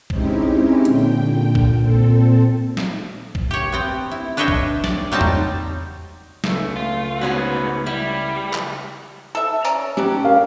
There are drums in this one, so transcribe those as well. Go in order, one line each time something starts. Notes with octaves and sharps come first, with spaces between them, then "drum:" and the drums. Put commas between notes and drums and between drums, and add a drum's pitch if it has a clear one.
G#3 C4 C#4 D#4 E4 G4, drum: kick A#1
A#2 D3 G5, drum: hi-hat
drum: kick A#1
A#2 C4 A4
drum: snare
drum: kick A#1
G4 C#5
B3 C4 G5
E4
D4 B4 C#5 D#5 E5 G5
drum: kick A#1
D5, drum: snare
F#3 G3 C4 D#4 A5
drum: tom E2
C#2 A3, drum: snare
F4
G#2 B3 C#4 F#4
G3 E4
drum: clap
A4 E5
C#4 D5 A#5, drum: tambourine
F#3 G3 C#4 D4 G4
A#4 F5